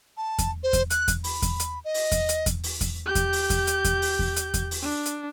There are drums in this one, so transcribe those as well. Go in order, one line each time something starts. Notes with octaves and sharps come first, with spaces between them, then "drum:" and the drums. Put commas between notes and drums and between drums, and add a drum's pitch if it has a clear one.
A5
drum: kick E2, hi-hat
C5
drum: kick E2, hi-hat
F#6, drum: hi-hat
drum: kick E2, hi-hat
B5, drum: open hi-hat
drum: kick E2, hi-hat
drum: hi-hat
D#5
drum: open hi-hat
drum: kick E2, hi-hat
drum: hi-hat
drum: kick E2, hi-hat
drum: open hi-hat
drum: kick E2, hi-hat
G4 G6
drum: kick E2, hi-hat
drum: open hi-hat
drum: kick E2, hi-hat
drum: hi-hat
drum: kick E2, hi-hat
drum: open hi-hat
drum: kick E2
drum: hi-hat
drum: kick E2, hi-hat
drum: open hi-hat
D4
drum: hi-hat